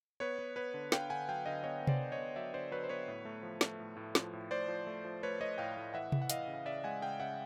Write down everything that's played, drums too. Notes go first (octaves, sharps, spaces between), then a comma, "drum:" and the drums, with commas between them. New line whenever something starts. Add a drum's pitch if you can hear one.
B3 B4 C#5
B3
B3 B4 C#5
D3
D3 F5 G5, drum: snare
D3 F#5 G#5
F#3 F5 G5
D3 D#5 F5
B3 C#5 D#5
B3
C5 D5, drum: tom C3
D3
C#5 D#5
B3
F#3 D5 E5
D3 C5 D5
F#3 B4 C#5
C5
B3 B4 C#5
A2
A3
F3
A3, drum: snare
A2
A2
F3, drum: snare
A2
A2 C5 D5
F3
A3
F3
A3 B4 C#5
A3 C#5 D#5
A2 F5 G5
A2
E3 E5 F#5
E3, drum: tom C3
F#5
E3 D#5 F5, drum: hi-hat
C#3
F5
C#3 D5 E5
G#3 F#5 G#5
C#3 F5 G5
C#3 E5 F#5